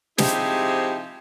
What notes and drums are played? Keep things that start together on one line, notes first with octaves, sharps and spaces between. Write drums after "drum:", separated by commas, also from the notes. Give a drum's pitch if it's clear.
C3 F3 D#4 E4 G4 G#4, drum: snare